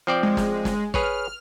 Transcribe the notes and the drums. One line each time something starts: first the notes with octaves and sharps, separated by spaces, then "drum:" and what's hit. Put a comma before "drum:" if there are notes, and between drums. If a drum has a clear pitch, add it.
F3 C4 D5
G#3
drum: snare
drum: snare
G#4 B4 C#5 F6, drum: kick